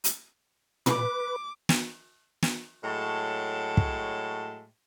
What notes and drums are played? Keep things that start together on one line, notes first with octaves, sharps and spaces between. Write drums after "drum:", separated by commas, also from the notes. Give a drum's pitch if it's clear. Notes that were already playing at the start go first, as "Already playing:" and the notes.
drum: hi-hat
B4 D6, drum: tom
drum: snare
drum: snare
A2 F#3 G#3 A5
drum: kick